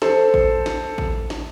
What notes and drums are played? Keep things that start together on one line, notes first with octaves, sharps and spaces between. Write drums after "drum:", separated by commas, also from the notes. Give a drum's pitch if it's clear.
A4 C5, drum: snare
drum: kick A1
drum: snare
drum: kick A1
drum: snare